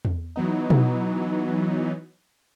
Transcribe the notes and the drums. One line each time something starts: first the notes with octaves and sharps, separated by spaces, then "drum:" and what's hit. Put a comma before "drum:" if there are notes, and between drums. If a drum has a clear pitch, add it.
drum: tom E2
E3 F#3 B3 D#4
drum: tom B2